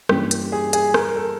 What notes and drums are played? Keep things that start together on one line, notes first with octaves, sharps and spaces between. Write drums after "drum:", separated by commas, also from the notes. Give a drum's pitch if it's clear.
G2 E3 G3 A#3 C#4 G4, drum: rim click
drum: hi-hat
G#4
G#4, drum: hi-hat
A#4, drum: rim click
A4